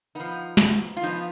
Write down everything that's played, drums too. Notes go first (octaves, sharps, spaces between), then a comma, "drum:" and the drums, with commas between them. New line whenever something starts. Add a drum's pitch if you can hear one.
F3 B3 D#4
drum: snare
F4
F3 B3 D#4